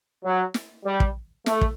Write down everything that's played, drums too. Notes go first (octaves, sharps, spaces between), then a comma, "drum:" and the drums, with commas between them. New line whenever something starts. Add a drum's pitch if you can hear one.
F#3
drum: snare
G3
drum: kick
A3, drum: snare
drum: kick